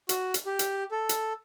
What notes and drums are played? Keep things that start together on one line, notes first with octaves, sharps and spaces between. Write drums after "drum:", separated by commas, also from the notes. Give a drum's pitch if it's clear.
F#4, drum: hi-hat
drum: hi-hat
G4
drum: hi-hat
A4
drum: hi-hat